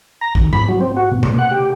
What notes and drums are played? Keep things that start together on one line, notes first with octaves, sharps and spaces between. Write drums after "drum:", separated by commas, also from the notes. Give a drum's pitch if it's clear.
A#5
D#2, drum: kick
B5, drum: tom G#2
F#3
C4
F#4
B2
A#2, drum: tom B2
F#5
G4